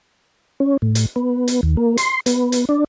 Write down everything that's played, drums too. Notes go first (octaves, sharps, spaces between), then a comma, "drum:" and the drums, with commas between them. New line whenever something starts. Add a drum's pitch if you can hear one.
C#4
A2
drum: hi-hat
B3
drum: hi-hat
D#2
A#3
C6, drum: hi-hat
B3, drum: hi-hat
drum: hi-hat
D4